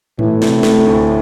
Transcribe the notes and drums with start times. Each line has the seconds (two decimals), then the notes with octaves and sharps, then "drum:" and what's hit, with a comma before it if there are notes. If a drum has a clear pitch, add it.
0.19 A2 E3, drum: tom G#2
0.42 C3, drum: snare
0.63 A3, drum: snare
0.86 D2